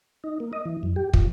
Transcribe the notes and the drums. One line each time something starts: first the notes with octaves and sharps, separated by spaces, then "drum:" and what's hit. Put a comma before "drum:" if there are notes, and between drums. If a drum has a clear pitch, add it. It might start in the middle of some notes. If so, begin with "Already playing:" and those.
D#4
A#3
D#5
E3
F#2
G4
F3, drum: kick